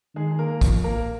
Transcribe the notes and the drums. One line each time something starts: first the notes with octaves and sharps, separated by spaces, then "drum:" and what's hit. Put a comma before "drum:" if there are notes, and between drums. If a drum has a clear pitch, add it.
D#3 G#3 G#4
G#4
A#3 A#4
F3, drum: kick, hi-hat
A#3 A#4